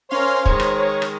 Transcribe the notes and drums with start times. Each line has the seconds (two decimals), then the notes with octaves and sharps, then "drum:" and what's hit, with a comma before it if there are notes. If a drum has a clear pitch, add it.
0.11 C#4 A#4 C5 C#5 F5 C6
0.46 D#3 G#3 C#5, drum: kick
0.60 drum: rim click
1.02 drum: rim click